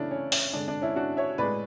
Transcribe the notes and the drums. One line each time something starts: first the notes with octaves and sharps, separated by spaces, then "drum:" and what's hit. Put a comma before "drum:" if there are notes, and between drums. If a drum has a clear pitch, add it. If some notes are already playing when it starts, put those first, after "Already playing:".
Already playing: C#3 E3 A3 C#4 D4 E4
C#4
C#4, drum: open hi-hat
D3 G#3 D4
D4
C#4 E4
D4 F#4
C#5 E5
A2 G#3 B4 D5